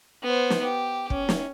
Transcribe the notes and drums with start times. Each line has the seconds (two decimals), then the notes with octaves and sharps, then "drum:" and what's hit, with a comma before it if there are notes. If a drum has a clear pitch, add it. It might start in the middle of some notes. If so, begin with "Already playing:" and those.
0.23 B3 C5
0.50 drum: snare
0.63 G4
1.10 C#4, drum: kick
1.29 drum: snare